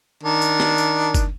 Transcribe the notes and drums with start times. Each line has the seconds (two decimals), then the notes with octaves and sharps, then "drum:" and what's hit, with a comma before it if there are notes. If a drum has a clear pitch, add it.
0.23 D#3 D4
0.42 drum: tambourine
0.60 drum: snare
0.78 drum: tambourine
1.14 drum: kick F#1, tambourine